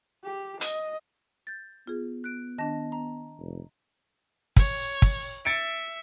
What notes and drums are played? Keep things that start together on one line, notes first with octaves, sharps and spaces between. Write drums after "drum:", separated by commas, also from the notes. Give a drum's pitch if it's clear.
G4
D#5, drum: hi-hat
G6 A6
B3 F4 G#4
F#6 D7
D#3 D4 D#5 A5 A#6
A#5
F1
C#5, drum: kick
drum: kick
E5 A6 C#7 D7